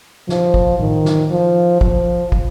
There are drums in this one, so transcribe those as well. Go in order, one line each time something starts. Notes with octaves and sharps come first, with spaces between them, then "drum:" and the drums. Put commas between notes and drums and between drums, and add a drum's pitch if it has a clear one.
F3, drum: snare
drum: kick
D#3, drum: tom A2
drum: snare
F3
F3, drum: kick
drum: kick